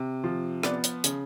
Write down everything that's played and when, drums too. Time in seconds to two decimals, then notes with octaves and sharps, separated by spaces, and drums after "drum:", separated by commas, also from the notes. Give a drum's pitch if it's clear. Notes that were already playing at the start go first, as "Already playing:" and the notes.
Already playing: C3
0.24 F3
0.63 B3 D5, drum: rim click
0.84 drum: hi-hat
1.04 C#3, drum: hi-hat